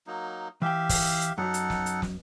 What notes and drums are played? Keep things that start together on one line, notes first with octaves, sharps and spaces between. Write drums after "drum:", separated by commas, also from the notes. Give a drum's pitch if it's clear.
F#3 A#3 D#4
E3 G4 E5 F5 G5
drum: kick, open hi-hat
drum: hi-hat
F#2 F#3 D#4 A4 F#5
drum: hi-hat
drum: snare
drum: hi-hat
drum: snare